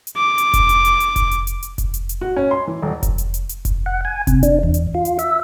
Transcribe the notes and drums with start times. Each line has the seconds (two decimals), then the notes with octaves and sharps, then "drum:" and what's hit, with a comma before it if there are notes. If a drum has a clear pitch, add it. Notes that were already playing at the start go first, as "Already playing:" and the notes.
0.07 drum: hi-hat
0.17 D6
0.38 drum: hi-hat
0.54 drum: kick F1, hi-hat
0.69 drum: hi-hat
0.85 drum: hi-hat
1.00 drum: hi-hat
1.16 drum: kick F1, hi-hat
1.31 drum: hi-hat
1.47 drum: hi-hat
1.62 drum: hi-hat
1.78 drum: kick F1, hi-hat
1.94 drum: hi-hat
2.09 drum: hi-hat
2.21 F#4
2.36 C#4
2.51 C6
2.67 E3
2.82 D#1
3.03 drum: kick F1, hi-hat
3.18 drum: hi-hat
3.34 drum: hi-hat
3.49 drum: hi-hat
3.65 drum: kick F1, hi-hat
3.86 F#5
4.05 G#5
4.27 C3, drum: kick F1, hi-hat
4.43 D4, drum: hi-hat
4.63 E2
4.74 drum: hi-hat
4.94 F4
5.05 drum: hi-hat
5.19 E5, drum: hi-hat